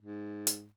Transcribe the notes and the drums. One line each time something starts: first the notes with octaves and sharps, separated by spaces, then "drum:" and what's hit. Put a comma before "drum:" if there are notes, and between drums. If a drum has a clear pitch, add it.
G#2
drum: hi-hat